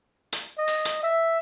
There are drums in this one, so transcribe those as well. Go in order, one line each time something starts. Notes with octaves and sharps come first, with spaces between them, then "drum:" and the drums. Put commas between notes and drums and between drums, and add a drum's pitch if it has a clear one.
drum: hi-hat
D#5
drum: open hi-hat
drum: hi-hat
E5